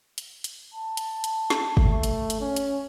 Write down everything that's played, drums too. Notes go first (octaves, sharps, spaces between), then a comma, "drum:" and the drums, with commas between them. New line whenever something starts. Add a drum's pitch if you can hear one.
drum: hi-hat
drum: hi-hat
A5
drum: hi-hat
drum: hi-hat
drum: snare
A3, drum: kick G1
drum: hi-hat
drum: hi-hat
C#4
drum: hi-hat